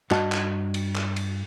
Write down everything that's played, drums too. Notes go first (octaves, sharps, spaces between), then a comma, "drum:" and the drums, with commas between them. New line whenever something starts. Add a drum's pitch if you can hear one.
G2 F#4 D#5 A5, drum: clap
drum: clap
drum: cymbal
drum: clap
drum: cymbal